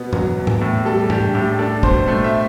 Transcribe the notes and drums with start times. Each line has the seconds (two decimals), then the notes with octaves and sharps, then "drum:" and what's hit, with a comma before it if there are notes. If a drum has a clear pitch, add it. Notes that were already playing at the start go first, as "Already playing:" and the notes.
Already playing: B2 B3
0.13 F#3, drum: tom G2
0.37 E2
0.47 drum: tom G#2
0.61 A2
0.85 G3 A4
1.10 D4 G4, drum: tom G#2
1.35 A2 G4
1.59 D4 A4
1.83 B2 C5, drum: kick
2.08 A3
2.24 E5